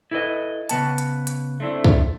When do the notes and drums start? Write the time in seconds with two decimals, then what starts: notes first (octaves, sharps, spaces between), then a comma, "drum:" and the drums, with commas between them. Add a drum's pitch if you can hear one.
0.11 E4 A4 B4 C#5 D#5
0.69 C#3 B3 A5, drum: hi-hat
0.98 drum: hi-hat
1.27 drum: hi-hat
1.60 A3 C4 D4 E4
1.84 drum: kick